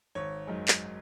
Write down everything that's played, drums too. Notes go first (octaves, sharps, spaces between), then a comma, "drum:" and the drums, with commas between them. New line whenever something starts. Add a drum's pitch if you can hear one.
G#1 C#5
F#2 D#3 G#3
drum: clap